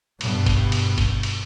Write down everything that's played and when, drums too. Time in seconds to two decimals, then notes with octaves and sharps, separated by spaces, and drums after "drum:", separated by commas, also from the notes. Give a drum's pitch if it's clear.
0.21 G2 B2, drum: cymbal
0.46 drum: kick G1, cymbal
0.72 drum: cymbal
0.98 drum: kick G1, cymbal
1.23 drum: cymbal